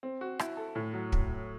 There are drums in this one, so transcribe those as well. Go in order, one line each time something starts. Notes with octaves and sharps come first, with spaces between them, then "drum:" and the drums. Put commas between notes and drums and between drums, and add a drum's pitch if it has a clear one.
C4
F#4
E4, drum: rim click
A4
A2
F#3
drum: kick